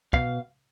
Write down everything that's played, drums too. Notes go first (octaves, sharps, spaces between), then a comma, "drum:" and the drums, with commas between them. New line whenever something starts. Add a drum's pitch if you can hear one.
B2 F5, drum: kick